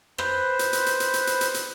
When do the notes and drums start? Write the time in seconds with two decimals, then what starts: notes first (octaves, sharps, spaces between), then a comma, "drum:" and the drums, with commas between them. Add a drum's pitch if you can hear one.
0.18 B4 C5, drum: rim click
0.59 drum: hi-hat
0.73 drum: hi-hat
0.86 drum: hi-hat
1.00 drum: hi-hat
1.14 drum: hi-hat
1.27 drum: hi-hat
1.41 drum: hi-hat
1.54 drum: hi-hat